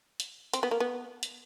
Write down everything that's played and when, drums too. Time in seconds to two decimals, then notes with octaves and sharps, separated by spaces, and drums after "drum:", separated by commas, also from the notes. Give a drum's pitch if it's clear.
0.20 drum: hi-hat
0.53 C4, drum: hi-hat
0.63 B3
0.71 A#3
0.80 B3
1.23 drum: hi-hat